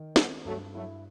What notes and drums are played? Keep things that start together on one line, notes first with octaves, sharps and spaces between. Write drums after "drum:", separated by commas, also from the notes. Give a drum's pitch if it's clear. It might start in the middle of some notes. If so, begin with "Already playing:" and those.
Already playing: D#3
G3 B3 C4, drum: snare
G2 F#3 A3
F#3 A3 E4